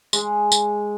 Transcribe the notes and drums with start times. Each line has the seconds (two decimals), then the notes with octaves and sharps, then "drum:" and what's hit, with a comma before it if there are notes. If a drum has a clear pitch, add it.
0.13 G#3, drum: tambourine
0.52 drum: tambourine